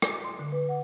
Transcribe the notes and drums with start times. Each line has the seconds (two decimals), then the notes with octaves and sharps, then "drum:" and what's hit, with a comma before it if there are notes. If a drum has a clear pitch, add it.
0.02 drum: rim click
0.24 C6
0.39 D3
0.52 B4
0.69 F#5